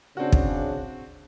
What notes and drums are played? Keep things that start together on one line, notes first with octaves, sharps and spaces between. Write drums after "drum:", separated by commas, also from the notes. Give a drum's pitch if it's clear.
C#3 C4 D4 F#4
drum: kick